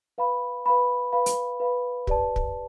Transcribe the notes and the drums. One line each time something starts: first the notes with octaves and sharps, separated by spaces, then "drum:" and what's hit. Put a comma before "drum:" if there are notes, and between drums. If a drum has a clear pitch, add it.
B4 F5 B5
B4 F5 B5
B4 F5 B5
drum: hi-hat
B4 F5 B5
G4 B4 D5 A5, drum: kick
drum: kick